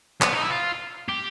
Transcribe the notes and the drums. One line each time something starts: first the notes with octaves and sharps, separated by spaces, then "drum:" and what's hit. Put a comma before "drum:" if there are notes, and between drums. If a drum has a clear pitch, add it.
B3, drum: clap
D#4
E4
F4
G4